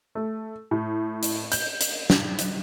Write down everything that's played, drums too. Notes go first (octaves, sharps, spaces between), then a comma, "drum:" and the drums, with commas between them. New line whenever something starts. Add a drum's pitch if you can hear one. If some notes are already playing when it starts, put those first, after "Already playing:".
A3
A2
drum: hi-hat
G6, drum: hi-hat
drum: hi-hat
drum: snare
drum: hi-hat